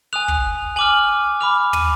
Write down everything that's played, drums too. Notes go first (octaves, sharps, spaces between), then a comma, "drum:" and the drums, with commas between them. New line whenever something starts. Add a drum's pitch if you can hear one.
G#5 D#6 F#6 F7
F7, drum: kick
G#5 D6 F6 F#7
B5 D6 F6 F7
D#7, drum: tom